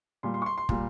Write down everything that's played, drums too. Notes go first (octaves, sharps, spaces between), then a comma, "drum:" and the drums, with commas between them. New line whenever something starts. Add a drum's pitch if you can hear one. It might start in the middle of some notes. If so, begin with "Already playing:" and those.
A#2 G3 C6
C6
C#6
C6
C6
A#2 G3, drum: kick